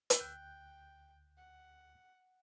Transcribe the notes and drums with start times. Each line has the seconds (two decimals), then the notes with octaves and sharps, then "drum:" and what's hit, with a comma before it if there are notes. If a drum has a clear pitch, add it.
0.10 drum: hi-hat
0.20 D2 G5 F#6 G6
1.37 F#5